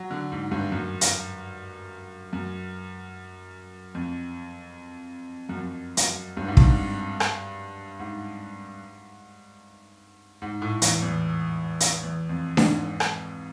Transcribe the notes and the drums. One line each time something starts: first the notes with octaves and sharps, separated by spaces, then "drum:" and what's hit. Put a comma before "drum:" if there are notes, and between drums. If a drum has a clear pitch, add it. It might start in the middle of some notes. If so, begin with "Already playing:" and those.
Already playing: F#3
D3
G#2
G2
F#2
drum: hi-hat
F#2
F2
F#2
F2
F#2, drum: hi-hat
G2
G#2
G2, drum: kick
drum: rim click
G#2
G#2
A2
E2, drum: hi-hat
E2
drum: hi-hat
E2
F2
G#2, drum: snare D4
drum: rim click